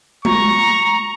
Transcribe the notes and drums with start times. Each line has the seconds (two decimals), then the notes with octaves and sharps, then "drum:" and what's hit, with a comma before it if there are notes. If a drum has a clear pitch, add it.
0.25 A#5 C#6, drum: tom G#3